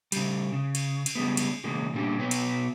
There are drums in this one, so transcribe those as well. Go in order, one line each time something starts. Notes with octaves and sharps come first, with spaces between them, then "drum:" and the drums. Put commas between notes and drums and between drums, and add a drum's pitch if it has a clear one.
C#3 G3, drum: cymbal
C#3
drum: cymbal
drum: cymbal
C#3 G3 G#3 B3
drum: cymbal
C#3 E3 G#3 A#3
A#2 D3 G3 B3 C#4 G4
B2 B3 B4 C#5
drum: cymbal